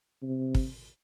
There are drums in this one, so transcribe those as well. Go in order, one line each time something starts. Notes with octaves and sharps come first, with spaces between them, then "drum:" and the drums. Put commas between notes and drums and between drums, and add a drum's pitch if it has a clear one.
C3
drum: kick